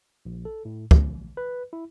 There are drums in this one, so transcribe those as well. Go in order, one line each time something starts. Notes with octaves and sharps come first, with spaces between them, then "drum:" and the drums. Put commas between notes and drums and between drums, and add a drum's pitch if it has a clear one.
A#1
A4
A2
A#1, drum: kick
B4
E4